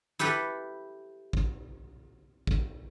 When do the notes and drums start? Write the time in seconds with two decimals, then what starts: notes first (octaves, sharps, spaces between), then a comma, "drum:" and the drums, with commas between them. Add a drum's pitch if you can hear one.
0.19 E4 G4 A4 B4
1.33 drum: kick
2.47 drum: kick